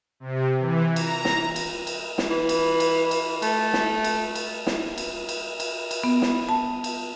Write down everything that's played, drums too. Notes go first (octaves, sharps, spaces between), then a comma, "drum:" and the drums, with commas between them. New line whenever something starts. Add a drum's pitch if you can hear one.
C3
E3
A#5, drum: cymbal
drum: snare
drum: cymbal
drum: cymbal
drum: snare
E3
drum: cymbal
drum: cymbal
drum: cymbal
A3, drum: cymbal
drum: snare
drum: cymbal
drum: cymbal
drum: snare
drum: cymbal
drum: cymbal
drum: cymbal
drum: cymbal
B3
drum: snare
A5
drum: cymbal